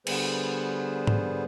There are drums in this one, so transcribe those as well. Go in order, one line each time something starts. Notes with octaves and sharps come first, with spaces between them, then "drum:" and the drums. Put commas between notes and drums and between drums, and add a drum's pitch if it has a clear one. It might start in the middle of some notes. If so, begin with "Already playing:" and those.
D3 G3 B3 G#4 B4 C5, drum: cymbal
drum: tom G#2